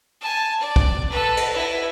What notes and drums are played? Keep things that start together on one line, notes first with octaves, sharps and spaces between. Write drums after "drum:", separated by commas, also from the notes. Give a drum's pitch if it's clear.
G#5 A5
D5
drum: kick
A4 B4
drum: cymbal
E4 B4